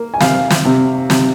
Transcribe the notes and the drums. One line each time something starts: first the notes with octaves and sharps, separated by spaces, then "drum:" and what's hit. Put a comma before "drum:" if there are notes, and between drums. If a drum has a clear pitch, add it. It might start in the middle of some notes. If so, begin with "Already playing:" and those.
Already playing: A#3
G#5
C3 F5, drum: snare
drum: snare
C3
C3, drum: snare